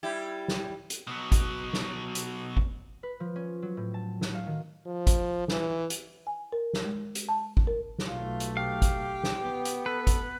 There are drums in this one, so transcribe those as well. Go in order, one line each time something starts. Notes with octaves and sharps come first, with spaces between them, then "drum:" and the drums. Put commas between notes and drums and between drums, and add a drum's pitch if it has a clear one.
G3 E4 G4
drum: snare
drum: hi-hat
B2 F#3
drum: kick G#1, hi-hat
drum: snare
drum: hi-hat
drum: kick G#1
B4
F3
C#4
F#3
A2
A5
F#3, drum: snare
F5
D#3
F3
drum: kick G#1, hi-hat
E3, drum: snare
drum: hi-hat
G#5
A#4
drum: snare
G#3
drum: hi-hat
A5
drum: kick G#1
A#4
drum: snare
B1 A3 F4
drum: hi-hat
G4 F5
drum: kick G#1, hi-hat
drum: snare
B3
drum: hi-hat
A4 B4
drum: kick G#1, hi-hat